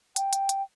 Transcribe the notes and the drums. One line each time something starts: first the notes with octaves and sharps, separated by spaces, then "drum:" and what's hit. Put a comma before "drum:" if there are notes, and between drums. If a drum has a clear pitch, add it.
G5, drum: hi-hat
drum: hi-hat
drum: hi-hat